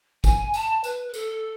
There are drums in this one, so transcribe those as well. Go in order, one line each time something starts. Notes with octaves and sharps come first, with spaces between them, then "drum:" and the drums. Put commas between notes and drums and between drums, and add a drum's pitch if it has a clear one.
G#5, drum: kick, tambourine
A5, drum: tambourine
B4, drum: tambourine
B4
A4, drum: tambourine